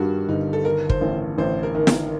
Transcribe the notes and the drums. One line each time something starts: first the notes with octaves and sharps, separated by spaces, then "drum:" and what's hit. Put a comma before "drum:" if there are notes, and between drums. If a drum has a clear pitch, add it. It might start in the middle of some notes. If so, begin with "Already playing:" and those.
Already playing: G2 D#3 G3 F#4
G1 D#4
A4
D#3 A#4
C5, drum: kick
A1
A1 C5
A#4
D#3
A#4, drum: snare